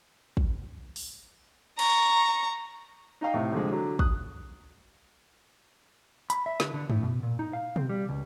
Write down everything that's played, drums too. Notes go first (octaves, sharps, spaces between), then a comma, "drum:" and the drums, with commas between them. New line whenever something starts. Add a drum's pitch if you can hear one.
drum: kick
drum: open hi-hat
A#5 C#6, drum: cymbal
D#4 D#5 F5 G5
A2 C3
C2 D3 F3 G#3
D3 F#3
D#6 F#6, drum: kick
B5, drum: hi-hat
E5
D3, drum: snare
D3
A2, drum: tom F#2
B2
A#2
D#4
F5
C4, drum: tom B2
G3
C#2